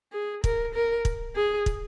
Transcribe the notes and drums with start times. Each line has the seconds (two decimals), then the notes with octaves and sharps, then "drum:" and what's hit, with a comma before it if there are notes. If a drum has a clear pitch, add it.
0.13 G#4
0.44 A#4, drum: kick
0.74 A#4
1.05 drum: kick
1.36 G#4
1.66 drum: kick